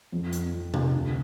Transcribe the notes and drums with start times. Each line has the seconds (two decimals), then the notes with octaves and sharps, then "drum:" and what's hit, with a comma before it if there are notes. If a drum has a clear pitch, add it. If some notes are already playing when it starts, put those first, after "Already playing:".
0.12 F2
0.33 C4, drum: hi-hat
0.53 F3
0.74 C3, drum: tom C3
0.94 D2